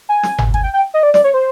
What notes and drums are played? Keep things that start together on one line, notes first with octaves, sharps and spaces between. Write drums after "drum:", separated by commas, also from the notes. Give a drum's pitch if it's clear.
G#5
drum: snare
drum: tom G1
G#5, drum: kick
G5
G5
D#5
D5
D5, drum: snare
C#5
C5